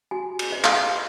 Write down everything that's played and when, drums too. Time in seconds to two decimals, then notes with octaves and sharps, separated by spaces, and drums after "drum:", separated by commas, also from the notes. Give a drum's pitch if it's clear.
0.11 F#4 G#5
0.39 drum: cymbal
0.52 C#5 D#5
0.64 F5, drum: clap
0.74 D#5